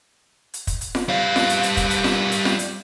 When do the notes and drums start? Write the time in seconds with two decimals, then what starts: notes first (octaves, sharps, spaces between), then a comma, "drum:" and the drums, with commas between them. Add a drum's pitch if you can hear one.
0.54 drum: hi-hat
0.67 drum: kick, hi-hat
0.81 drum: hi-hat
0.95 drum: snare F4
1.08 G3 F5
1.36 drum: snare F4
1.49 drum: hi-hat
1.63 drum: hi-hat
1.77 drum: kick, hi-hat
1.91 drum: hi-hat
2.04 drum: snare F4
2.32 drum: hi-hat
2.45 drum: snare F4
2.59 drum: hi-hat